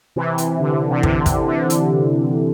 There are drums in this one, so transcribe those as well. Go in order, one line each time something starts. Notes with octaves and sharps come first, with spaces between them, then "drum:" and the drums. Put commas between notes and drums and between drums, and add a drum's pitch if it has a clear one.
C3 E3
drum: hi-hat
D3
C3
D3, drum: kick
drum: kick, hi-hat
D3
drum: hi-hat